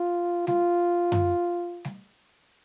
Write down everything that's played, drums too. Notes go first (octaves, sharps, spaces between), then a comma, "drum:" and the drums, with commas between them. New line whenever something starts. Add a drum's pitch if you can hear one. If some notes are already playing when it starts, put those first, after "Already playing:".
Already playing: F4
F4, drum: snare G3
drum: tom F#2
drum: snare G3